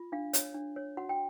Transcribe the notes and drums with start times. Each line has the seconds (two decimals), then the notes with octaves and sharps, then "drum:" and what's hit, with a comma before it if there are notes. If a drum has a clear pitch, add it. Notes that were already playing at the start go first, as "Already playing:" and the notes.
Already playing: F4
0.12 D4 F5
0.33 C#5, drum: hi-hat
0.54 D4
0.76 C#5
0.97 F#4 F#5
1.09 G5